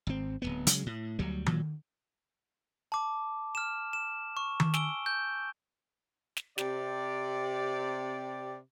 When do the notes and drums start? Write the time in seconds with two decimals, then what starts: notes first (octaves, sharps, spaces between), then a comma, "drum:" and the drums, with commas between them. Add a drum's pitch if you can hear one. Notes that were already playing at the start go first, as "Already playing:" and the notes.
0.07 G#1 C4
0.42 D1 A#1 B3
0.67 C#3 F#3 G#3, drum: hi-hat
0.86 A2
1.19 D2 F#3 G3
1.46 A#2 F#3, drum: tom D#3
2.92 A5 D6
3.55 F6 E7
3.93 E7
4.37 C#6
4.60 drum: tom D#3
4.74 G#5 E6 D7 G7, drum: snare
5.06 G6
6.37 drum: snare
6.58 C3 G4 D5, drum: snare